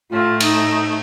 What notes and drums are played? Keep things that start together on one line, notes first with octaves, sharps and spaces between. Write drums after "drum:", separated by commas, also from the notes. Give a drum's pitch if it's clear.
A2 A3 F4
D#4, drum: cymbal